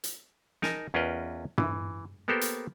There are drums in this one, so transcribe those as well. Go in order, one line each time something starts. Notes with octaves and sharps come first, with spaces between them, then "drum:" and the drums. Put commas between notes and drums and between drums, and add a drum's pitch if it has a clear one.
drum: hi-hat
D#4 A#4 G#5 A5, drum: snare
E2 C#4 F4 A#4 B4 D#5
E3, drum: tom G2
A#3 B3 G4 A4 A#4 C5
drum: hi-hat